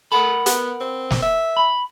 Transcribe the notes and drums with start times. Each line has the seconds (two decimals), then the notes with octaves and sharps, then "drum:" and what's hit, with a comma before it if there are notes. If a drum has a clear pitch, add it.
0.12 A4 A#4 F#5 B5
0.46 B3, drum: hi-hat
0.81 C4
1.10 drum: snare
1.22 E5
1.57 B5